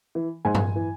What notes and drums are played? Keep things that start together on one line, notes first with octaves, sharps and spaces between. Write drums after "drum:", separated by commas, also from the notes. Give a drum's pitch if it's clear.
E3
G#2 G#5
drum: tom G2
E3